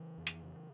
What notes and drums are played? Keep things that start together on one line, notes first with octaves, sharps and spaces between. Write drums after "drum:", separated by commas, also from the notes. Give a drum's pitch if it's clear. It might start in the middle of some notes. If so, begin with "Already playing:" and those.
Already playing: C#3 E3
F2
drum: hi-hat
C#3